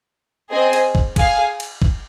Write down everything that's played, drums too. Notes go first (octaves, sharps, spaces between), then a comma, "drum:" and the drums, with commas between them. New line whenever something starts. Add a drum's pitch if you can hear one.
C4 G#4 D#5 G#5
drum: cymbal
drum: kick
G#4 F5 G#5, drum: kick, cymbal
drum: cymbal
drum: kick